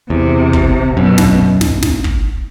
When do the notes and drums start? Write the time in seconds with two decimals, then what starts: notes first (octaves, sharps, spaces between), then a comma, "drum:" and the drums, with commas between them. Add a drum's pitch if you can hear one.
0.10 E2 C3
0.53 drum: kick
0.97 F#2 B2
1.18 drum: snare
1.61 drum: snare
1.83 drum: snare
2.04 drum: kick